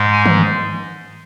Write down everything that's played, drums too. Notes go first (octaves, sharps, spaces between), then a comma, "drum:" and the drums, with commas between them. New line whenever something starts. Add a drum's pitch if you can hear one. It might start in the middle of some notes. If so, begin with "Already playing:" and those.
Already playing: G#2 G#3
G#5
drum: tom D#3